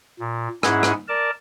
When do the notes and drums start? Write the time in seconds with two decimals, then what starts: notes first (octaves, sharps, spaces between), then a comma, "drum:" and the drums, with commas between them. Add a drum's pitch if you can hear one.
0.20 A#2
0.63 G#2 C#4 E4 G#4 F#5 G#5, drum: rim click
0.83 drum: rim click
1.08 A#4 D5 A5